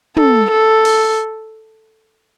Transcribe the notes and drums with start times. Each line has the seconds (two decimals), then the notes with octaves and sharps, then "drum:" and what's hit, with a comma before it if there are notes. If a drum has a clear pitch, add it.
0.16 A4, drum: tom
0.51 A4
0.85 drum: open hi-hat